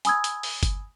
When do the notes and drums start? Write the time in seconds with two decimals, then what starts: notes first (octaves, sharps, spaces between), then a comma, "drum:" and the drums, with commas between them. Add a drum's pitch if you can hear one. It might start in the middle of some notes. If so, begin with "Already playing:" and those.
0.05 G#5 B5 D#6 E6 G#6, drum: hi-hat
0.24 drum: hi-hat
0.43 drum: open hi-hat
0.63 drum: kick, hi-hat